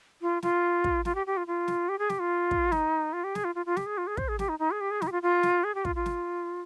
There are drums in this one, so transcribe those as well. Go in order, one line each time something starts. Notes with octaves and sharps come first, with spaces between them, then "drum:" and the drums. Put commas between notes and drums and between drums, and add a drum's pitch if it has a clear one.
F4
F4, drum: snare
drum: kick
F4, drum: snare
G4
G4
F4
F4
drum: snare
G4
G#4
G4, drum: snare
F4
drum: kick
D#4, drum: snare
F4
G4
G#4, drum: snare
F4
F4
F4
G4, drum: snare
G#4
F4
G#4
C5, drum: kick
G#4
G4, drum: snare
D#4
D#4
G#4
G4
G#4
D#4, drum: snare
G4
F4
F4
drum: snare
G#4
G4
F4, drum: kick
F4
drum: snare